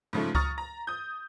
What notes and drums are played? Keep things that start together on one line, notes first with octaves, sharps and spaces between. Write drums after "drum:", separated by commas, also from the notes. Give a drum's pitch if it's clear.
G#2 C#3 F3 A3
A#5 C#6 D#6 F6 A6, drum: kick C#2
A#5
D#6 G6